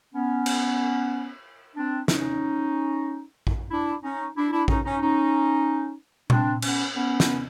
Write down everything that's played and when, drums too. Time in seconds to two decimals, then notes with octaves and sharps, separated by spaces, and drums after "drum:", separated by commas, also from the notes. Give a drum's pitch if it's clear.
0.15 B3 C#4
0.46 drum: cymbal
1.76 C4 D4
2.08 C#4 D#4, drum: snare
3.47 drum: kick A1
3.71 D4 E4
4.03 C#4 D#4
4.36 D4 E4
4.51 D4 E4
4.68 C#4 D#4, drum: kick A1
4.85 C#4 D#4
5.01 C#4 D#4
6.30 C4 D4, drum: tom A#2
6.62 B3 C#4, drum: cymbal
6.95 B3 C#4
7.20 drum: snare